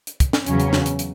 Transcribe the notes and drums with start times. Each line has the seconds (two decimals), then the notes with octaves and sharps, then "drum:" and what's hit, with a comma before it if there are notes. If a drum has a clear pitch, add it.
0.07 drum: hi-hat
0.20 drum: kick, hi-hat
0.33 drum: snare
0.46 E2 C#3 F#3 C#4, drum: hi-hat
0.60 drum: hi-hat
0.73 drum: snare
0.86 drum: hi-hat
0.99 drum: hi-hat